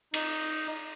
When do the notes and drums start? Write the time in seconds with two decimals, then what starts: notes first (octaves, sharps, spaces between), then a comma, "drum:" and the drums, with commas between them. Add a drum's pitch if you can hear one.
0.14 D#4, drum: cymbal